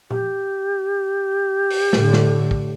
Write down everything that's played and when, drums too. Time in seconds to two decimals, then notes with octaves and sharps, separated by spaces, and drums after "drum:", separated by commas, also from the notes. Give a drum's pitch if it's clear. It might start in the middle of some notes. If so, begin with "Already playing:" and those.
0.11 G4, drum: tom A#2
1.70 drum: open hi-hat
1.93 A2 D3, drum: snare
2.13 drum: snare
2.51 drum: kick